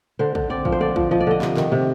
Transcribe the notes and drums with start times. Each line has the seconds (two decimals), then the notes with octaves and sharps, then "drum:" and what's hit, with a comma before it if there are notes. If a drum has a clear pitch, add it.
0.19 D3 C5
0.35 D3, drum: kick
0.50 C4 D5
0.65 F3, drum: kick
0.72 C5
0.80 D3 D5
0.96 F3, drum: kick
1.11 F3 D#5
1.20 D5
1.27 D3 D#5
1.42 C3, drum: clap
1.57 D#3, drum: clap
1.72 C3